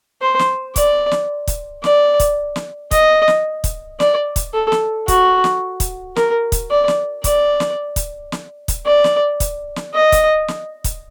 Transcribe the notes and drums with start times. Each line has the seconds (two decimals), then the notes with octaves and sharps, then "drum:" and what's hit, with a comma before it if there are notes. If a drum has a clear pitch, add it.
0.21 C5
0.39 drum: snare
0.76 D5, drum: kick, hi-hat
1.11 drum: snare
1.48 drum: kick, hi-hat
1.84 D5, drum: snare
2.20 drum: kick, hi-hat
2.56 drum: snare
2.91 D#5, drum: kick, hi-hat
3.28 drum: snare
3.64 drum: kick, hi-hat
4.00 D5, drum: snare
4.36 drum: kick, hi-hat
4.53 A4
4.72 drum: snare
5.08 F#4, drum: kick, hi-hat
5.44 drum: snare
5.80 drum: kick, hi-hat
6.16 A#4, drum: snare
6.52 drum: kick, hi-hat
6.70 D5
6.88 drum: snare
7.24 D5, drum: kick, hi-hat
7.60 drum: snare
7.96 drum: kick, hi-hat
8.32 drum: snare
8.68 drum: kick, hi-hat
8.86 D5
9.04 drum: snare
9.40 drum: kick, hi-hat
9.76 drum: snare
9.94 D#5
10.12 drum: kick, hi-hat
10.48 drum: snare
10.84 drum: kick, hi-hat